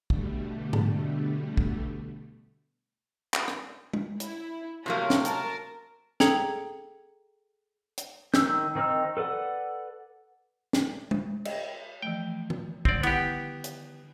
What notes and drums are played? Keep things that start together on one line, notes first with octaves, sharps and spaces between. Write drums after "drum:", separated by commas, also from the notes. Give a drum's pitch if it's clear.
B2 D3 G3 A3, drum: kick
drum: tom G#2
drum: kick
drum: clap
drum: rim click
drum: tom
E4, drum: hi-hat
C3 F#3 A3 A#3 C#5
drum: snare
A#4 A5, drum: hi-hat
G#4 A4 G5 A#5 G#6 C#7, drum: snare
drum: hi-hat
D#3 E6 G6, drum: snare
D#3 C4 D#4 E6 F6
A4 B4 D5 F#5
drum: snare
drum: tom
D#5, drum: cymbal
E3 F3 A3 G5
drum: tom
D3 D#3 G3 C4 D5, drum: kick
B3 E4 G4 F#5, drum: cymbal
drum: hi-hat